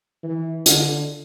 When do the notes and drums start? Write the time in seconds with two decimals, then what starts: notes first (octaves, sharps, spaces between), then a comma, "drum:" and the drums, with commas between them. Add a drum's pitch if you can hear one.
0.23 E3
0.66 D3, drum: hi-hat